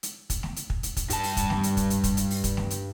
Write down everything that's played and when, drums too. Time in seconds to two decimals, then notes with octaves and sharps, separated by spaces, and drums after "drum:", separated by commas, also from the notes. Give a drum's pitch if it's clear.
0.03 drum: hi-hat
0.30 drum: kick, hi-hat
0.43 drum: snare A3
0.56 drum: hi-hat
0.70 drum: kick
0.83 drum: hi-hat
0.97 drum: kick, hi-hat
1.10 G2 A5, drum: hi-hat
1.23 drum: open hi-hat
1.37 drum: kick, hi-hat
1.50 drum: snare A3
1.63 drum: hi-hat
1.77 drum: kick, hi-hat
1.90 drum: hi-hat
2.04 drum: kick, hi-hat
2.17 drum: hi-hat
2.30 drum: open hi-hat
2.44 drum: kick, hi-hat
2.57 drum: snare A3
2.70 drum: hi-hat